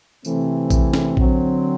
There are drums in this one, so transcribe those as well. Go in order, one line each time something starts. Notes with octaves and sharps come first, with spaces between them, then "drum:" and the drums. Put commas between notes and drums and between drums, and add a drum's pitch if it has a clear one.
C3 E3 A3 C4, drum: tambourine
drum: kick A#1, tambourine
drum: snare
D3 F#3 C4, drum: kick A#1